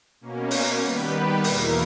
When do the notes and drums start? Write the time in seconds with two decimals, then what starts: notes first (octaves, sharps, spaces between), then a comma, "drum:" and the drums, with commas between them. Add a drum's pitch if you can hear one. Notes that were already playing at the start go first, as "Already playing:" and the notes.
0.21 B2 A#3 C#4
0.51 drum: open hi-hat
0.82 D#3 G3 B3 G4 B4
1.44 E2 B2 A#3 E4 A#4, drum: open hi-hat